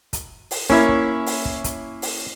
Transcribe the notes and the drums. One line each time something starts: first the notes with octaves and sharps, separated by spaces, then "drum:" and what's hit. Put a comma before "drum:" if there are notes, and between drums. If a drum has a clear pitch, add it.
drum: kick, hi-hat
drum: open hi-hat
A#3 C#4 E4 C#5, drum: kick
drum: kick
drum: open hi-hat
drum: kick
drum: kick, hi-hat
drum: open hi-hat